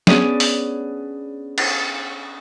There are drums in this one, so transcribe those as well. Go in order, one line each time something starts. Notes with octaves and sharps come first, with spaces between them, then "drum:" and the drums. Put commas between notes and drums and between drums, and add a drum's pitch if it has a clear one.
B3 C#4 D4 G#4 D5, drum: snare
drum: open hi-hat
drum: cymbal